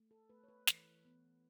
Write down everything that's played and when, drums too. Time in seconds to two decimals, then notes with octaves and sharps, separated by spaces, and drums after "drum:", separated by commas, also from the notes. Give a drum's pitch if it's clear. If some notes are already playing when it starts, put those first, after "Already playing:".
Already playing: A3
0.11 A4
0.29 A3 B4
0.44 C#5
0.48 B4
0.67 E3, drum: snare
1.05 B3